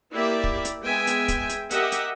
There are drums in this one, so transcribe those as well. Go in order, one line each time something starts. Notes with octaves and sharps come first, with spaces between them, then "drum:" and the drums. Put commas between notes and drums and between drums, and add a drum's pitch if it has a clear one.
A#3 E4 G4 D5 E5
drum: kick
drum: hi-hat
G#3 B3 E5 G5 G#5
drum: hi-hat
drum: kick, hi-hat
drum: hi-hat
G4 A#4 D#5 E5 F#5, drum: hi-hat
drum: hi-hat